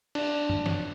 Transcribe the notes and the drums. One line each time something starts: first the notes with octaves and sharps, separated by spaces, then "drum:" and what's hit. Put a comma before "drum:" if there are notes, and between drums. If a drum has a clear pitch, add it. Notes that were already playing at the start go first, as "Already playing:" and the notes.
D4, drum: cymbal
drum: tom F#2
drum: snare